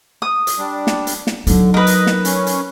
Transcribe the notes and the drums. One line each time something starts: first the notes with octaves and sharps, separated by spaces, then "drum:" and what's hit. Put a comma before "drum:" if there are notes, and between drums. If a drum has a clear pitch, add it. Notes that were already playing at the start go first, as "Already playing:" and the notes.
D#6
drum: hi-hat
G3 D4
drum: snare
drum: hi-hat
drum: snare
D3 F#3 D#4, drum: hi-hat
A#4 B4 D#5
drum: hi-hat
drum: snare
C#4, drum: hi-hat
drum: hi-hat